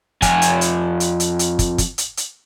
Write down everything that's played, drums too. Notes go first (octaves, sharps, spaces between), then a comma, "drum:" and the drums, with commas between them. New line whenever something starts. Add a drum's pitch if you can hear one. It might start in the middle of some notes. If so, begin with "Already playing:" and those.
F2 G#5, drum: kick, hi-hat
drum: hi-hat
drum: hi-hat
drum: hi-hat
drum: hi-hat
drum: hi-hat
drum: kick, hi-hat
drum: kick, hi-hat
drum: hi-hat
drum: hi-hat